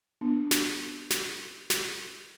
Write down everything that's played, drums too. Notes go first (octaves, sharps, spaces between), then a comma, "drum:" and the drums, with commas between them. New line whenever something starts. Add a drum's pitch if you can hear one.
B3 D4
drum: snare
drum: snare
drum: snare